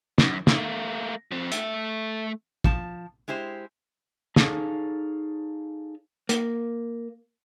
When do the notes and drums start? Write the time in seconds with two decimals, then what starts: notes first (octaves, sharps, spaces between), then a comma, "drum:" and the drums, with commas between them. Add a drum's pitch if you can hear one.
0.18 F#2, drum: snare
0.47 A3 A#3, drum: snare
1.31 F3 C4
1.52 A3 E5, drum: hi-hat
2.64 F3 A5, drum: kick
3.28 G#3 E4 G4 C5
4.36 D#4 G#4 A4 C#5 F5, drum: snare
6.29 A#3, drum: hi-hat